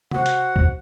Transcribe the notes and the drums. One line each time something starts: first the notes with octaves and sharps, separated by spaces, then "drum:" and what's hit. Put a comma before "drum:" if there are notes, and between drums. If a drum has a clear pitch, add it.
F#4 C5 F#5, drum: tom C3
drum: hi-hat
drum: kick C2